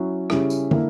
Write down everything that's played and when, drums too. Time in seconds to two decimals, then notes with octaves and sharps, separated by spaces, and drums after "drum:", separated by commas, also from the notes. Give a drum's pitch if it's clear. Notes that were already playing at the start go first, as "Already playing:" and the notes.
Already playing: F#3 C#4 E4
0.30 C#3 G3 C#4 E4, drum: rim click
0.50 drum: tambourine
0.71 D3 A#3 E4, drum: tom